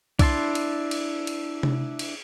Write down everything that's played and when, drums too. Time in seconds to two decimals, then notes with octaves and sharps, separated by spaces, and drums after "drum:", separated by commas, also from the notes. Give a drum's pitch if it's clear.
0.19 D4 E4 A5 C6, drum: kick B1, cymbal
0.55 drum: cymbal
0.91 drum: cymbal
1.27 drum: cymbal
1.63 drum: tom C3
1.99 drum: cymbal